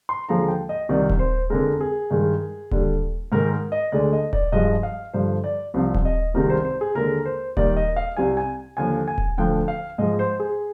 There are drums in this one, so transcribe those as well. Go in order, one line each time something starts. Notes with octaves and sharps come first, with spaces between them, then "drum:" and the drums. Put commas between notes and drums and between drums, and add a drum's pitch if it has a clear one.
C6
D#2 D3 F3 G#3 A#5
G5
D#5
C2 C3 D#3 G3 D5
drum: kick D#1
C5
F2 D3 G#3 A#4
G#4
G2 D#3 G#3
D#2 D3 G3, drum: kick D#1
G#2 D#3 G#3 A#4
D#5
D2 D3 G#3 D5
D#5
D5, drum: kick D#1
G2 F3 G#3 D#5
F5
G2 D3 F3 C5
D5
C2 C3 F3
drum: kick D#1
D#5
C2 C3 D#3 G#3 A#4
C5
C5
G#4
D#2 D3 G#3 A#4
C5
D#2 D#3 G3 D5, drum: kick D#1
D#5
F5
C2 C3 G3 G#5
G#5
D#2 D3 F3 G#5
G#5
drum: kick D#1
D2 D3 F3 G5
F5
G#2 F3 G#3 D#5
C5
G#4